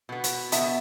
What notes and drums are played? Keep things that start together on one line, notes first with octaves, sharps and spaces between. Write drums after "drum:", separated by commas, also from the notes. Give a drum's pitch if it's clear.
B2 B3
drum: hi-hat
B2 B3 E5 A5, drum: hi-hat